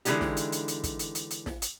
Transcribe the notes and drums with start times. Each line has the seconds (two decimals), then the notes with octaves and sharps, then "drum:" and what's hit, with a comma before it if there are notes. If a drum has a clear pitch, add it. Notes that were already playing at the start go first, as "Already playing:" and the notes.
0.05 D3 E3 F3 G#3 D#4 G4, drum: hi-hat
0.21 drum: snare
0.37 drum: hi-hat
0.52 drum: hi-hat
0.68 drum: hi-hat
0.84 drum: kick, hi-hat
0.99 drum: hi-hat
1.15 drum: hi-hat
1.30 drum: hi-hat
1.46 drum: snare
1.62 drum: hi-hat